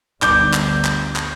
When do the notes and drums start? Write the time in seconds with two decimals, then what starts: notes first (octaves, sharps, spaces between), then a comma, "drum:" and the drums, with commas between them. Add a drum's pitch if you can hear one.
0.22 G1 D2 G3 D6 G6, drum: clap
0.53 drum: clap
0.85 drum: clap
1.16 drum: clap